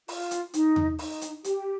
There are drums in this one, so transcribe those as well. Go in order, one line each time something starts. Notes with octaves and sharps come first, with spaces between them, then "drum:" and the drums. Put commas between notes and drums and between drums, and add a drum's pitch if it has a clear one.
F4, drum: open hi-hat
drum: hi-hat
D#4, drum: hi-hat
drum: tom E2
D#4, drum: open hi-hat
drum: hi-hat
G4, drum: hi-hat